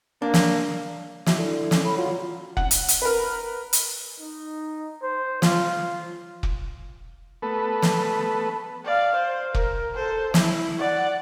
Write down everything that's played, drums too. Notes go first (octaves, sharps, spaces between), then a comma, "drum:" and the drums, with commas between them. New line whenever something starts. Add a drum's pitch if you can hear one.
A#3 D4
drum: snare
E4 F#4, drum: snare
D3 E4
C#4, drum: snare
A2 B5
F#3 F4
F#5, drum: kick
drum: hi-hat
drum: hi-hat
A#4 B4
drum: hi-hat
D#4
C5
F4, drum: snare
drum: kick
A3 B3 A4 B4
drum: snare
D5 F5
C5
A#4, drum: kick
A4 C5
E4, drum: snare
D5 F#5